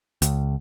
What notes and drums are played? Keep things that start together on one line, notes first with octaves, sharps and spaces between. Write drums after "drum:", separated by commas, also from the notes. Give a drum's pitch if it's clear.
C#2, drum: hi-hat